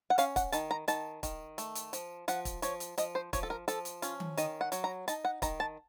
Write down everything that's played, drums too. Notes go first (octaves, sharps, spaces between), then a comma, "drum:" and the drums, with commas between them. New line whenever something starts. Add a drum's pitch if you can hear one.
F#5
C#4 F5, drum: hi-hat
F#5, drum: kick, hi-hat
D#3 A5, drum: hi-hat
A#5
D#3 A5, drum: hi-hat
D#3, drum: kick, hi-hat
A3, drum: hi-hat
drum: hi-hat
F3, drum: hi-hat
F3 F#5, drum: hi-hat
drum: kick, hi-hat
F3 C#5, drum: hi-hat
drum: hi-hat
F3 D#5, drum: hi-hat
C5
F3 C#5, drum: kick, hi-hat
A4
A#4
F3 A4, drum: hi-hat
drum: hi-hat
C#4 F4, drum: hi-hat
drum: tom D#3
D#3 D#5, drum: hi-hat
F#5
F#3, drum: hi-hat
A#5
D#4 A5, drum: hi-hat
F#5
D#3 A#5, drum: kick, hi-hat
A5